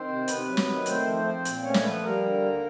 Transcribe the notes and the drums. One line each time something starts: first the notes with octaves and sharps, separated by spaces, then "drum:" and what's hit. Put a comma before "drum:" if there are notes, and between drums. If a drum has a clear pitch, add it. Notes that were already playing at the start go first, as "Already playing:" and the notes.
Already playing: D#3 C4 C5
C3
C3 B3 B4, drum: hi-hat
F#3
drum: snare
D#3
A3 C4 C5, drum: hi-hat
F3
C4
A#2, drum: hi-hat
A3 C#4 C#5
drum: snare
F3 B3 B4
G3 A#3 A#4
D3
D#2